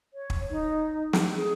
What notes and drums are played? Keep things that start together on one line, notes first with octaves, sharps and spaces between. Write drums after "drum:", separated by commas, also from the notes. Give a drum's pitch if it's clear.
C#5
drum: kick
D#4
drum: snare
G#4